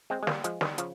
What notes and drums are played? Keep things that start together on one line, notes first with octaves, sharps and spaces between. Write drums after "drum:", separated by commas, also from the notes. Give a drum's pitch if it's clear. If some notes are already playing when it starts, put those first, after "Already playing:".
G#3 C4
G#3
G3 A#3, drum: snare
F3 G#3, drum: hi-hat
D#3 G3, drum: snare
C#3 F3, drum: hi-hat